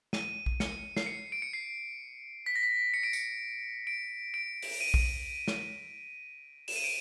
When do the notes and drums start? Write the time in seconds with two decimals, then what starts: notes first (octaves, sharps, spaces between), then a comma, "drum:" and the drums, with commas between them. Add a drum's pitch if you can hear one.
0.13 D#7, drum: snare
0.46 drum: kick B1
0.60 C#7, drum: snare
0.97 C7, drum: snare
1.06 C#7
1.32 D7
1.42 C#7
1.53 C7
2.46 B6
2.56 A#6
2.63 B6
2.94 C#7
3.03 D7
3.13 C#7, drum: tambourine
3.87 D7
4.34 D7
4.62 drum: open hi-hat
4.81 D#7
4.94 drum: kick B1
5.48 drum: snare
6.68 E7, drum: open hi-hat
6.76 D#7
6.84 D7